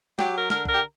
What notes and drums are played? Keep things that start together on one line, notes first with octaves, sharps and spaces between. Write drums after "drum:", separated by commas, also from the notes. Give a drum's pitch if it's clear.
F#3 G4, drum: snare
A#4
D3 A#4, drum: snare
A#4, drum: kick
G4